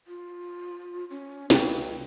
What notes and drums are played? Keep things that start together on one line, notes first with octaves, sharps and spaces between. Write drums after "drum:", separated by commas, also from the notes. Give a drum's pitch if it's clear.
F4
C#4
C#2 F#4 G5, drum: snare